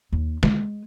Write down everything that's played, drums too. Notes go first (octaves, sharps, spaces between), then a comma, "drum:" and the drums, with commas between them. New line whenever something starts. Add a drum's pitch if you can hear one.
D#2
G#3, drum: snare D#3